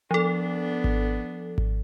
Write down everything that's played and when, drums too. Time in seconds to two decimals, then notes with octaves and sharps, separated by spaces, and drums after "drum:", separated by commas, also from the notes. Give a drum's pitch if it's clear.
0.11 F3 B3 D4 A4
0.84 drum: kick G#1
1.58 drum: kick G#1